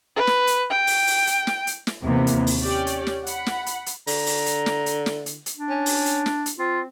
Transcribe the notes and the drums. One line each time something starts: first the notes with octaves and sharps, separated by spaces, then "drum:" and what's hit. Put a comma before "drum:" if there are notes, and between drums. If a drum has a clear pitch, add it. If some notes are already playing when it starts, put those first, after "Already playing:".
B4
drum: snare
drum: hi-hat
G5
drum: open hi-hat
drum: open hi-hat
drum: hi-hat
drum: snare
drum: hi-hat
drum: snare
D#2 C3 E3 A#3 B3
drum: hi-hat
drum: open hi-hat
C#4 G4 C#5 D5 G5
drum: hi-hat
drum: snare
F#5 B5, drum: hi-hat
drum: snare
drum: hi-hat
drum: hi-hat
D3 A#5, drum: open hi-hat
drum: open hi-hat
drum: hi-hat
drum: snare
drum: hi-hat
drum: snare
drum: hi-hat
drum: hi-hat
D4
C#4
drum: open hi-hat
drum: hi-hat
drum: snare
drum: hi-hat
C4 F4